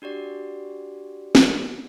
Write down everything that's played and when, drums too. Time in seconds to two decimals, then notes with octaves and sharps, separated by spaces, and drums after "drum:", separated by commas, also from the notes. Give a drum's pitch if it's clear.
0.02 D4 F#4 G4 D5
1.35 drum: snare